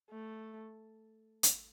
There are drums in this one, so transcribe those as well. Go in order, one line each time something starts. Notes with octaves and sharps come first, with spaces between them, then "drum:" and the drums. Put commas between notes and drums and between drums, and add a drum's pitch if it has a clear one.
A3
drum: hi-hat